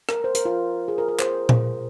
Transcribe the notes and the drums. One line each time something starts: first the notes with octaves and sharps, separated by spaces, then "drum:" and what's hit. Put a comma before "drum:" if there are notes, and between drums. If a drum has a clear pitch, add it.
A#4, drum: rim click
C5
A#4, drum: hi-hat
F4
G#4
A#4
A#4
C5, drum: clap
drum: tom A#2